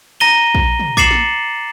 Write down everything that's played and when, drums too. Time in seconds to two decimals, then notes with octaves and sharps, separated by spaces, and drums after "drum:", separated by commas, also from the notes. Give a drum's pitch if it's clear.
0.20 A#5 A#6 D#7 G7
0.55 drum: kick A#1
0.79 drum: tom
0.97 D6 A6 C7 C#7 E7 F#7, drum: kick A#1
1.11 drum: snare